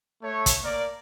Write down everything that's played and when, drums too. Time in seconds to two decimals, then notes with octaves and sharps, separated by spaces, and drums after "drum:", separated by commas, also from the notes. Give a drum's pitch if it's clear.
0.23 A3 C#5
0.46 drum: kick, hi-hat
0.63 A#3 A#4 D5